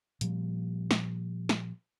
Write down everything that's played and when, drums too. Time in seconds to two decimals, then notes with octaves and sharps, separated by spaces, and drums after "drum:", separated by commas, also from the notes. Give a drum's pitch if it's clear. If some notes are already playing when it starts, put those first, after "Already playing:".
0.21 A#2 F3 G3, drum: hi-hat
0.91 drum: snare
1.49 drum: snare